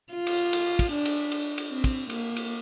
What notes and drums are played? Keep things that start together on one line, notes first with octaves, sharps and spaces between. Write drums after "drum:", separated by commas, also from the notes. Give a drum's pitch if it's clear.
F4
drum: cymbal
drum: cymbal
drum: kick, cymbal
D4
drum: cymbal
drum: cymbal
drum: cymbal
C4
drum: kick, cymbal
A#3, drum: cymbal
drum: cymbal